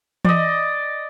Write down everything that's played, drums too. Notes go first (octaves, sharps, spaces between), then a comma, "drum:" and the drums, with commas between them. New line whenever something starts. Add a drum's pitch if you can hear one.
D5 D#5, drum: tom E3